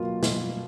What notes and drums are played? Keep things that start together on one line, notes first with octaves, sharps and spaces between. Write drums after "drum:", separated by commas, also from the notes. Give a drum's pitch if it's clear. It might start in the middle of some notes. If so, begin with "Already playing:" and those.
Already playing: B2 F#3 A#3 F4
B2, drum: snare